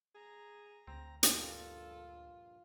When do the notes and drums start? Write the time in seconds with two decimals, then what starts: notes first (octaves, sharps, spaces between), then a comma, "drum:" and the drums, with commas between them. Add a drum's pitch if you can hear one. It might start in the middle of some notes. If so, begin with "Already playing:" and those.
0.15 G#4 A#5
0.87 D2 C4 A#5
1.23 A#1 G2 F4 A4, drum: hi-hat